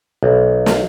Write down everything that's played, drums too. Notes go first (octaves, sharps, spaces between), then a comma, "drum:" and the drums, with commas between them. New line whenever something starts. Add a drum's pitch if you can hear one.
B1
drum: snare